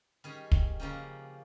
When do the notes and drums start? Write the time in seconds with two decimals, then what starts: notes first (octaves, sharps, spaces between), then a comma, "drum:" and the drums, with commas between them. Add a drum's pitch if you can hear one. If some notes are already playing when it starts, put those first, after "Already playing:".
0.24 D#3 G3 C#4 G#4
0.52 drum: kick
0.80 C#3 F3 A#3 C#4 G4